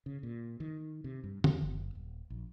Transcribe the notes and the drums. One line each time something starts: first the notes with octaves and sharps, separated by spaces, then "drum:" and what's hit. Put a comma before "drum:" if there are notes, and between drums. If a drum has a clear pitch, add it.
C#3
A#2
D#3
C3
G2
E2, drum: tom
F#1
D#1
A#1